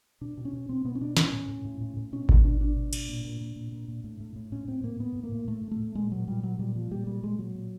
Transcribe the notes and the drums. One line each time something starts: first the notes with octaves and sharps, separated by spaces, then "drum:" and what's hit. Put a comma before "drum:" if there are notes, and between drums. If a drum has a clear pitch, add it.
B2 D4
B2
C#4
B2
B2 C4
B2 B3
C#4
B2 D4
A2 C#4, drum: snare
A2
A2
A2
A2
A2
B2 C#4
B2, drum: kick G#1
B2 D4
B2 D4
B2
B2, drum: cymbal
A#2
A#2
A#2
A#2
A#2
A#2
A2
A2
A2
A2 C#4
A2 C4
A2 A#3
A2 B3
A2
A#3
A2
A2 A3
A2
A3
A2
A#2 G#3
A#2 F#3
A#2 G3
A#2 F#3
A#2 G3
A#2 F3
A#2 G3
A#2 G3
A#2 G#3
A#2 F#3
A#2